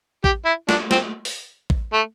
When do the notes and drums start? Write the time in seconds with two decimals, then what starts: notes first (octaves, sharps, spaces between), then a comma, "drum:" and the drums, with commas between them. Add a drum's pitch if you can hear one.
0.24 G4, drum: kick A1
0.45 E4
0.69 D4, drum: snare
0.91 C4, drum: snare
1.25 drum: open hi-hat
1.70 drum: kick A1
1.93 A3